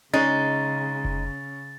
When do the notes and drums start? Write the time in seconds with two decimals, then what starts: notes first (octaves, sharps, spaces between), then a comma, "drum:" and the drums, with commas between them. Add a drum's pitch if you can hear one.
0.14 C#3 G#3 C#4 D#4 A6
1.05 drum: kick F1